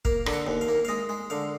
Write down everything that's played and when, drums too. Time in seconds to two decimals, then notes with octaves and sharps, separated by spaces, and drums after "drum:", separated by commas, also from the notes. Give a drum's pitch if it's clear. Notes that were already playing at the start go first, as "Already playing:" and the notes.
0.05 A#3 F5, drum: kick
0.26 D3, drum: rim click
0.33 F#5
0.47 D#2
0.61 F5
0.68 A#3
0.85 F5
0.88 G#3 D#5
1.09 G#3
1.30 D3 F5